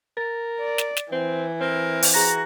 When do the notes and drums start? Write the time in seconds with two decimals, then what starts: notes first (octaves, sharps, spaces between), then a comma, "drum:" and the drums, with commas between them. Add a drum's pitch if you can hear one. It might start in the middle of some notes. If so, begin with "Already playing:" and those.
0.17 A#4 A6
0.60 D5
0.78 drum: snare
0.97 drum: snare
1.12 E3 C4
1.60 C4 A#4
2.03 drum: open hi-hat
2.14 F#4 G#4 A#5 A#6